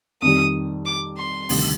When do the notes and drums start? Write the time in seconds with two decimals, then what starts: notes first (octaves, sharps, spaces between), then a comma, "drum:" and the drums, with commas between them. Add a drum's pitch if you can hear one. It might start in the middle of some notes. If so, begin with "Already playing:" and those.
0.22 F2 D#3 G3 D#6
0.86 D6
1.18 C6
1.49 D2 C3 D#3 G3, drum: open hi-hat